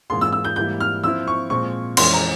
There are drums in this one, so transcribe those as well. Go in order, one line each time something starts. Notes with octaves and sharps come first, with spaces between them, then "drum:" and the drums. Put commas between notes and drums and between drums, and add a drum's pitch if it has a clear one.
G#2 E3 A#3 F4 G#4 C6
E6
E6
G6
G#2 E3 G3 A#3 E4 G6
F6
F3 C4 E4 E6
C#6
A#2 F3 G#3 C4 C#6
F2 E3 G#3 C#4 C6, drum: cymbal
A#5